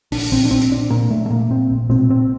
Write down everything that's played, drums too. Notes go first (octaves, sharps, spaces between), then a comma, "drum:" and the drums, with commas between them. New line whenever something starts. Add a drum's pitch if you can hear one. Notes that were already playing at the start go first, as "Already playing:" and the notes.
A#1 D4, drum: open hi-hat
A#1 C4
D4
A#2 C4
drum: hi-hat
A#2 D4
A#2 A#3
A#2 A3
A3
A#2 A#3
A#2 C4
A#1
A#2 C4, drum: tom B2
A#2 C4